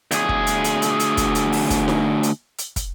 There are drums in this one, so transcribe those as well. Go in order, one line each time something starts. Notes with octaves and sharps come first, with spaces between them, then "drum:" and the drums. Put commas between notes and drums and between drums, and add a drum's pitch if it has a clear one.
D2 G#4, drum: hi-hat
drum: kick
drum: hi-hat
drum: hi-hat
drum: hi-hat
drum: hi-hat
drum: kick, hi-hat
drum: hi-hat
drum: open hi-hat
drum: kick, hi-hat
drum: snare D#4
drum: hi-hat
drum: hi-hat
drum: kick, hi-hat